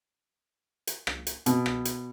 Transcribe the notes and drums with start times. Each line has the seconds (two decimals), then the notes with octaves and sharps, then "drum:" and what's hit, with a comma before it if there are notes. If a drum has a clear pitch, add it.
0.87 drum: hi-hat
1.07 drum: rim click
1.27 drum: hi-hat
1.46 B2, drum: hi-hat
1.66 drum: rim click
1.85 drum: hi-hat